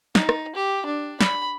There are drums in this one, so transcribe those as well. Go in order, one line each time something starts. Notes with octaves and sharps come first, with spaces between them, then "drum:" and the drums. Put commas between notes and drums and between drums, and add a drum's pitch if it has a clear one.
D#4, drum: snare
drum: rim click
G4
D4
B5, drum: snare